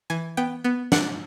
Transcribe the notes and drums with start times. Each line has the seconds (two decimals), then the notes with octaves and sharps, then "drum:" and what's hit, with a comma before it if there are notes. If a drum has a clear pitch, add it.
0.10 E3 G#5
0.37 B3 G5
0.64 B3
0.92 D4 F#5, drum: snare